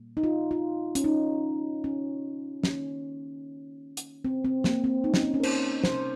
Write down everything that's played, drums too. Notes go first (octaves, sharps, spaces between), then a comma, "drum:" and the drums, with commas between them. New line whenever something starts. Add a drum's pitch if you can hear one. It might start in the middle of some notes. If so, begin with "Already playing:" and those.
Already playing: A#2 G3 A#3
D#4
F4
F4
C#4, drum: hi-hat
D#4
C#4
D#3 A#3 C#4, drum: snare
drum: hi-hat
C4
C4
A#3, drum: snare
C4
D#4
C#4, drum: snare
C4
C#4
A#4
C5, drum: cymbal
C3 G3 A#3 C5, drum: snare